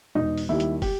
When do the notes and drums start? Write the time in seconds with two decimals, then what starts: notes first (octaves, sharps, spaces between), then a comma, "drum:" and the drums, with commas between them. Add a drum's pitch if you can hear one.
0.15 E1 D#4
0.38 drum: open hi-hat
0.49 D#2 D#3 G3 E4
0.60 drum: hi-hat
0.82 G4, drum: kick, open hi-hat